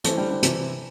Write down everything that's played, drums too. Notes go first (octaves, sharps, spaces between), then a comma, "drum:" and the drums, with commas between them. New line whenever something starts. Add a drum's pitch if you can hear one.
E3 A3 E4 C5 A5, drum: hi-hat
D3 G3
D3 G3
C3 E3, drum: hi-hat